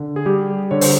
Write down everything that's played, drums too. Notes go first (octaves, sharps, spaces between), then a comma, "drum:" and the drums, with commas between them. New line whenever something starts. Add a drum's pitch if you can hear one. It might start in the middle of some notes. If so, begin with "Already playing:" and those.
Already playing: D3
G#4
G3 G4
D3 C#5
C5, drum: open hi-hat